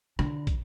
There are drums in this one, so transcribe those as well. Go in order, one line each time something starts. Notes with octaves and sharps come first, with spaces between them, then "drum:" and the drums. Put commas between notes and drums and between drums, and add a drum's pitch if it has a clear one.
D3, drum: rim click
drum: kick, hi-hat